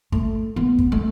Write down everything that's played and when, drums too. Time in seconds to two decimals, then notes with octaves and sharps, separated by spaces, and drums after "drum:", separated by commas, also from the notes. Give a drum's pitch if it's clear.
0.12 A3, drum: kick
0.56 B3
0.78 drum: kick
0.92 A3